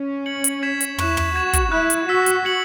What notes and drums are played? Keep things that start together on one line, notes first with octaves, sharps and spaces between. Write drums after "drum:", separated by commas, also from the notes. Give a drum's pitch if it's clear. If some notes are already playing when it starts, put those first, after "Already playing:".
Already playing: C#4
G#6 C#7 F#7
drum: hi-hat
G#6 B6 E7
drum: hi-hat
E4 C#6 F#6 E7, drum: tom
drum: tom
F#4 C#6 G#6 B6 E7
drum: kick, hi-hat
E4 F#6 E7
drum: hi-hat
F#4 E6 B6 E7
drum: hi-hat
G#6 C#7 F#7